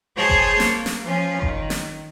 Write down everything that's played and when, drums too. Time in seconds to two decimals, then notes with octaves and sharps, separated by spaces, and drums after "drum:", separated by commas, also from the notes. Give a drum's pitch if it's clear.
0.17 G#4 C5 C#5 A5 C6
0.30 drum: kick G1
0.60 A#3, drum: snare
0.86 drum: snare
1.05 F3 C#4 F4
1.42 D#3, drum: kick G1
1.70 drum: snare